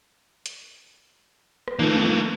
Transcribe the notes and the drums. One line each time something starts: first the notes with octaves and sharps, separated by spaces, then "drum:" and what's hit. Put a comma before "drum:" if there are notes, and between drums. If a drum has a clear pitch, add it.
drum: hi-hat
drum: rim click
D#3 F3 A3 A#3 F#6
drum: tom